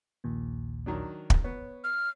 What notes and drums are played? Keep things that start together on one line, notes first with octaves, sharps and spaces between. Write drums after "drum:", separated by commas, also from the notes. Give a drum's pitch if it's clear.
A#1 D#2 A#2
D#3 F#3 D4
drum: kick
B3 C#5
F6